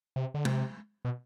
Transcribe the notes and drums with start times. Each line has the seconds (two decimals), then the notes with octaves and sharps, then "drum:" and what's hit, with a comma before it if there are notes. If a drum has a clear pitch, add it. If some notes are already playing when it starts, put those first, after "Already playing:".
0.16 C3
0.34 D3
0.45 C3, drum: tom
1.05 B2